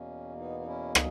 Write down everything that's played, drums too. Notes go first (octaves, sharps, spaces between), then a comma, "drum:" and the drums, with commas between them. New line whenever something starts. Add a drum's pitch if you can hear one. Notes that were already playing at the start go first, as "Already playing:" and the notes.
Already playing: E2 B2 A#3 C#4
B3 D#4
D#4
C#4 E4
G#4, drum: rim click